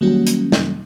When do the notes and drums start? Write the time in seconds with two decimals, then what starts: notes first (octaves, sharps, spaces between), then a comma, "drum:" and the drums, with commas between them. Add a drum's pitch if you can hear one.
0.01 D#3 F#3 G3 A#3 C#4 F#4
0.27 drum: hi-hat
0.52 drum: snare